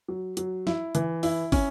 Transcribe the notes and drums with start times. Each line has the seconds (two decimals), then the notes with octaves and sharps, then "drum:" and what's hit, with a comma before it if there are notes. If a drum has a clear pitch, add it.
0.08 F#3
0.37 F#3, drum: hi-hat
0.67 E4, drum: snare
0.95 E3, drum: hi-hat
1.23 E4, drum: open hi-hat
1.52 C#4, drum: kick, open hi-hat